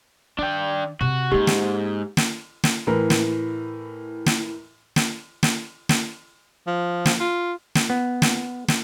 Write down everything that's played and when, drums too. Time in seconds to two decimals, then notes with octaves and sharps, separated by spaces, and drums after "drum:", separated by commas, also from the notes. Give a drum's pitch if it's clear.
0.38 D#3 D4 G5
1.01 C3 F#4
1.32 G#2 A#3 C#4 G4
1.47 drum: snare
2.17 drum: snare
2.64 drum: snare
2.87 A2 E3 A#4
3.10 drum: snare
4.26 drum: snare
4.96 drum: snare
5.43 drum: snare
5.89 drum: snare
6.67 F3
7.06 drum: snare
7.21 F4
7.75 drum: snare
7.90 B3
8.22 drum: snare
8.68 drum: snare